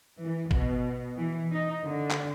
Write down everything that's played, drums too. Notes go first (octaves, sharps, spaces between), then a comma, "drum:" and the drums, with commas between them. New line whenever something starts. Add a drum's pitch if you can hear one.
E3
B2, drum: kick
E3
D#4
D3
drum: clap